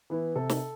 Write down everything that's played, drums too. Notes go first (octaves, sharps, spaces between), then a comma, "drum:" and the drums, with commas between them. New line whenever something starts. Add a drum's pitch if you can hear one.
E3 B3 E4
C3 A4
drum: snare